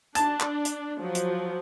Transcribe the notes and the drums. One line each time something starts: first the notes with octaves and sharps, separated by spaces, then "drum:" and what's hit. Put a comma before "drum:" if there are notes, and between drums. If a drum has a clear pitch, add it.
D4 A5, drum: hi-hat
drum: clap
drum: hi-hat
F3 F#3
drum: hi-hat